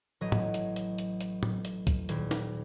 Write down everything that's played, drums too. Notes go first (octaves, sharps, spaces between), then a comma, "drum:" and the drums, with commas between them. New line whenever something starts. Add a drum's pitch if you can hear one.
A1 F#3 D#5
drum: tom
drum: hi-hat
drum: hi-hat
drum: hi-hat
drum: hi-hat
drum: tom A2
drum: hi-hat
drum: kick, hi-hat
D#1, drum: hi-hat
drum: snare